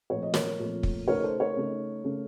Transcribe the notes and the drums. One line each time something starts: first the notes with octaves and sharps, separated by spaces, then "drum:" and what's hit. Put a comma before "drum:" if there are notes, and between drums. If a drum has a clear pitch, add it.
A#2 F3 A3 C4 C#5
D#5
A#4 C#5, drum: snare
A#2 F3 A3 C4
drum: kick
C#3 A3 D#4 A#4 C#5
A4 C5
A#4 C#5
C#3 A3 D#4
C#3 A3 C#4